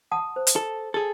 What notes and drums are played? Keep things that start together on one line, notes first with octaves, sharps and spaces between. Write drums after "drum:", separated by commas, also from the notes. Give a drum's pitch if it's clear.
F#5 A5 D#6
C5
drum: hi-hat
A4
G#4 A4